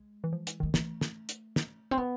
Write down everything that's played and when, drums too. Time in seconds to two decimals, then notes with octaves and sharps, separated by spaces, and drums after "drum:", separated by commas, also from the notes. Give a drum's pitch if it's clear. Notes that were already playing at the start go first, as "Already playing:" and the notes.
Already playing: G#3
0.24 E3
0.33 F3
0.47 E3, drum: hi-hat
0.60 D#3 G#3
0.74 E3 A3, drum: snare
1.01 drum: snare
1.29 drum: hi-hat
1.56 drum: snare
1.91 C4
1.98 B3